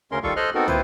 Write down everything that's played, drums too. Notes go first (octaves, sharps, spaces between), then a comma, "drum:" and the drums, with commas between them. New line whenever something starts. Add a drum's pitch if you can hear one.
D2 C#3 C#4 A#4 C6
D#3 G3 F4 A4 F5 C#6, drum: kick B1
A4 C5 D#5 C6 F6 F#6
B3 C4 D#4 F#4 A4 A#4
A#3 C4 E4 F4 B4 C5, drum: tom